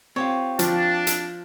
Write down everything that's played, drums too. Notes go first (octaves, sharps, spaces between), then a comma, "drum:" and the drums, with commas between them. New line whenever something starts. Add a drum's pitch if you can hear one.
C4 F4 G4 C#5
F3 D4, drum: hi-hat
drum: hi-hat